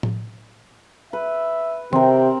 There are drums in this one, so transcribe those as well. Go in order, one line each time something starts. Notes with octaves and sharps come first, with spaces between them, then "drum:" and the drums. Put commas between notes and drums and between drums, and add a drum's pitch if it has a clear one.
drum: tom A2
B4 E5
C3 C4 A#4 G5, drum: tom D#3